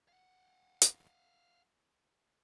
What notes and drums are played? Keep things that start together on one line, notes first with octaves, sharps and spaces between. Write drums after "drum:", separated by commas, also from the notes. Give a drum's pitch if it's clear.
F5 F#5
drum: hi-hat